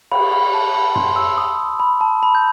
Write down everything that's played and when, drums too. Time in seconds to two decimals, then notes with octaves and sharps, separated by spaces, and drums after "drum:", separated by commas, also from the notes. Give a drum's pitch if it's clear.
0.12 B5, drum: cymbal
0.32 B5
0.54 A5
0.75 B5
0.96 C6, drum: tom F#2
1.16 E6
1.38 D#6
1.80 B5
2.01 A5
2.23 B5
2.35 G6